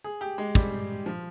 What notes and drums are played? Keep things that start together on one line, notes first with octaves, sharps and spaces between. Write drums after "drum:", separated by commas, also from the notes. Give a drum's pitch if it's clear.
G#4
G4
G#3
G3, drum: kick
F3